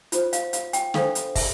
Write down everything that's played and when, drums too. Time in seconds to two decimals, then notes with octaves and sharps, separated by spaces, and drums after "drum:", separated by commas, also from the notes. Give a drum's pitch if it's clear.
0.12 F4 C5, drum: hi-hat
0.33 F5, drum: hi-hat
0.53 F5, drum: hi-hat
0.73 G5, drum: hi-hat
0.94 D4 A4 C5 F5, drum: snare
1.15 drum: hi-hat
1.35 E5, drum: kick, open hi-hat